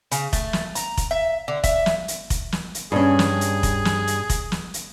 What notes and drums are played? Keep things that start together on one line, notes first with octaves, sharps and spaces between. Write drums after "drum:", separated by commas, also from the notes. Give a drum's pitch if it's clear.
C#3, drum: hi-hat
A3, drum: kick F1, hi-hat
drum: snare
A#5, drum: hi-hat
drum: kick F1, hi-hat
E5
D3
E5, drum: kick F1, hi-hat
drum: snare
drum: hi-hat
drum: kick F1, hi-hat
drum: snare
drum: hi-hat
G2 C#4 G#4
drum: snare
drum: hi-hat
drum: kick F1, hi-hat
drum: snare
drum: hi-hat
drum: kick F1, hi-hat
drum: snare
drum: hi-hat